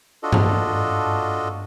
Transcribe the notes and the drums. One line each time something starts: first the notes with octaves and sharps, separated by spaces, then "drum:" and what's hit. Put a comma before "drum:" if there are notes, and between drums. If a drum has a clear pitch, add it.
D4 F4 F#4 A4 D#5
drum: tom G2